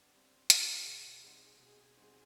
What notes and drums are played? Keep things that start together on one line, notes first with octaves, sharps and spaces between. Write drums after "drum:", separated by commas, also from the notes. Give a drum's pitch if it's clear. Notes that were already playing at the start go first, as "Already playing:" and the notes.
Already playing: G3 B3 D4 G4
G3 C4
B3 D4 F#4 G4, drum: hi-hat
B2 G#4
G3 C4 D#4 F#4
B2 G#4
G3 C4 D#4 F#4